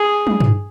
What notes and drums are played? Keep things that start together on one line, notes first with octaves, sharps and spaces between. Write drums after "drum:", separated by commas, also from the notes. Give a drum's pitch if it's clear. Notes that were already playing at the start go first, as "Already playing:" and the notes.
Already playing: G#4
drum: tom
drum: tom G2